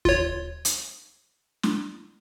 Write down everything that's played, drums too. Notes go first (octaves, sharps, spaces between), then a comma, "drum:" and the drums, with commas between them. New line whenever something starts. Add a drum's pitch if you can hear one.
F4 C#5, drum: kick D#2
drum: hi-hat
drum: snare